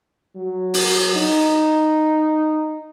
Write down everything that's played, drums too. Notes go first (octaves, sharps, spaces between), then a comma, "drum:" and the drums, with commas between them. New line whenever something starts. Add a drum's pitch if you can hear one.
F#3
drum: open hi-hat
D#4